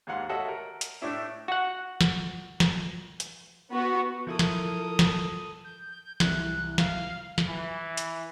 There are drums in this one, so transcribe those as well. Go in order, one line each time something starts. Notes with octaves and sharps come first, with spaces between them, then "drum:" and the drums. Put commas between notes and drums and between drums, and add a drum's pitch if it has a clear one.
D#2 G#2 F5 F#5 C6
F#4 A4 C#5 D#5 E5 F#5
A#4
drum: hi-hat
A2 A3 D4 E4 E5
F#4 F#5
drum: snare
drum: snare
drum: hi-hat
B3 F#4
F3 E4 A4 A#4 D#6
drum: snare
drum: snare
G6
C2 E3 F#6, drum: snare
F5, drum: snare
drum: snare
E3
drum: hi-hat